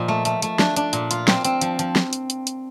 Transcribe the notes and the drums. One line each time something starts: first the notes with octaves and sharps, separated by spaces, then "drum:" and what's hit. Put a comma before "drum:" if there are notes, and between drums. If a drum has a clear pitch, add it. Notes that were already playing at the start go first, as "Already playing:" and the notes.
Already playing: A#2 F3 D#4
A3
A3, drum: hi-hat
A3, drum: hi-hat
D4, drum: snare
D4, drum: hi-hat
A#2, drum: hi-hat
F4, drum: hi-hat
C4, drum: snare
C4, drum: hi-hat
F3, drum: hi-hat
F3, drum: hi-hat
drum: snare
drum: hi-hat
drum: hi-hat
drum: hi-hat